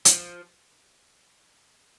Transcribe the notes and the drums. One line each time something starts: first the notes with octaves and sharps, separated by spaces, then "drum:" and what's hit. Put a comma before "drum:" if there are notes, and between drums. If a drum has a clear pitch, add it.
F3, drum: hi-hat